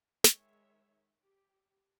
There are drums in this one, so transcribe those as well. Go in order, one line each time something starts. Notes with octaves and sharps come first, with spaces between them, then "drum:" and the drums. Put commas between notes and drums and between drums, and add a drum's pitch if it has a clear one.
D#3 G#3 C#5 E5, drum: snare
G4